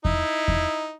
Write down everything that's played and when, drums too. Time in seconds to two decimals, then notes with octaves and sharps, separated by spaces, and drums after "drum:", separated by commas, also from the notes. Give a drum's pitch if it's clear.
0.05 D#4 E4, drum: kick E2
0.48 drum: kick E2